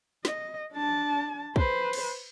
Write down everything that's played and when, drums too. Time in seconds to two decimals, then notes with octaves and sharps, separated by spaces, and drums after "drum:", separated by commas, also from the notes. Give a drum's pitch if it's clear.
0.25 D#5, drum: snare
0.73 D4 A5
1.56 B4 C5, drum: kick
1.93 drum: cymbal